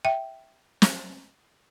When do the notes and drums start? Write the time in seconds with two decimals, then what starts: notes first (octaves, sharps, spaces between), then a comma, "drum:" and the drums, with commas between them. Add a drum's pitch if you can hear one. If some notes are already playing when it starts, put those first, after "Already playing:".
0.05 E5 G5
0.82 drum: snare